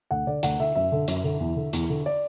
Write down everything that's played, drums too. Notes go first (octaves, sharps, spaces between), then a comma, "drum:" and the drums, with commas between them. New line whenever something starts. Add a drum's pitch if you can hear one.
D2 F#5
D3 D5
D2 F#5, drum: hi-hat
D3 E5
F#2 E5
D3
F#2, drum: hi-hat
D3
E2
D3
E2, drum: hi-hat
D3
D5